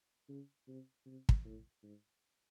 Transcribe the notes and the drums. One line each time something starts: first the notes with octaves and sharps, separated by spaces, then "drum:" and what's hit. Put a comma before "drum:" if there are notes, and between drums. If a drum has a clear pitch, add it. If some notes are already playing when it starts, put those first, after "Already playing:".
C#3
C3
C3
drum: kick
A2
G#2